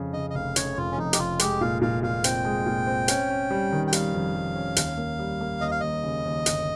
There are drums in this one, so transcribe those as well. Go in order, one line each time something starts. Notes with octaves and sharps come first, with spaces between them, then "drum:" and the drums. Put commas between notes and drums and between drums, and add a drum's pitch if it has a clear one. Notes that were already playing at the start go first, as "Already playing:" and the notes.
Already playing: F2 C#3
C#3 D#5
D#5
F1 F5
C#3 C#5, drum: hi-hat
F1 F4
C#4
F2 D#4
G4, drum: hi-hat
F1 F4
G#3 G4, drum: hi-hat
A#2 F5
A#2 F5
A#2 F5
C4 G5, drum: hi-hat
G#3
A#2
C4
C#4, drum: hi-hat
C#4
G3
D#3
G5
G3 F5, drum: hi-hat
F2
G3
C#4
D#2, drum: hi-hat
A#3
G3
A#3
D#2 D#5
F5
D#2 D#5
C#3
D#2
G1, drum: hi-hat